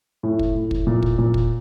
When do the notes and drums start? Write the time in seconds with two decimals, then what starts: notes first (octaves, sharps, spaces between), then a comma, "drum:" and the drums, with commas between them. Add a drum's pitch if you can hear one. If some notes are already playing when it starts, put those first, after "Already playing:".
0.23 A2
0.39 drum: kick
0.55 A2
0.71 drum: kick
0.87 A#2
1.03 drum: kick
1.18 A#2
1.34 drum: kick